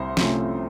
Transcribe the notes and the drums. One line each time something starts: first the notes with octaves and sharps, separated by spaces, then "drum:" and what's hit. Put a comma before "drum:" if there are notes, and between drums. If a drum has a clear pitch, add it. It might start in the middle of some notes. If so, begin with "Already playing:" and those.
Already playing: C2 C3 C5
C3 F3 A3 C#4, drum: snare